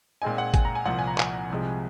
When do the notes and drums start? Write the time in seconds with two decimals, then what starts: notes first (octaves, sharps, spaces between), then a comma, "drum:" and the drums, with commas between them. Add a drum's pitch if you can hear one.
0.22 A#2 G#3 C4 D#4 G#5
0.38 F#5
0.54 G#5, drum: kick, hi-hat
0.65 A#5
0.75 G#5
0.85 C2 A#2 F3 F#5
0.99 G#5
1.07 A#5
1.18 G#5, drum: clap
1.50 C2 C3 F3 G#3